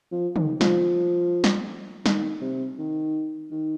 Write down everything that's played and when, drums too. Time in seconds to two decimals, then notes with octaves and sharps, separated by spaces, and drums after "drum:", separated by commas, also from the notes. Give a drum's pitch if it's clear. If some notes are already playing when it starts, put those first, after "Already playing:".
0.12 F3
0.36 D#3, drum: tom
0.61 F3, drum: snare
1.44 drum: snare
2.06 D#3, drum: snare
2.42 C3
2.78 D#3
3.51 D#3